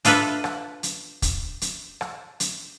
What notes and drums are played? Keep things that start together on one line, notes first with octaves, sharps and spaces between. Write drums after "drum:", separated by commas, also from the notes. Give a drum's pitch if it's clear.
D4 F4 A4 B4 E5, drum: hi-hat
drum: rim click
drum: hi-hat
drum: kick, hi-hat
drum: hi-hat
drum: rim click
drum: hi-hat